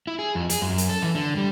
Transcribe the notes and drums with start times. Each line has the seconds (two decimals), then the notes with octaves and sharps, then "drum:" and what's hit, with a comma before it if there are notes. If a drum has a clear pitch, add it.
0.07 E4
0.19 G#4
0.35 F2
0.50 G#4, drum: hi-hat
0.62 F#2
0.78 drum: hi-hat
0.89 A4
1.02 E3
1.15 D3
1.37 G3